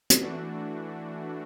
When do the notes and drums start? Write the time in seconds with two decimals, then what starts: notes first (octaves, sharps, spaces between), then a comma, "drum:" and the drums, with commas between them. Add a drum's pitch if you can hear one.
0.10 drum: hi-hat
0.20 E3 A3 D4 F#4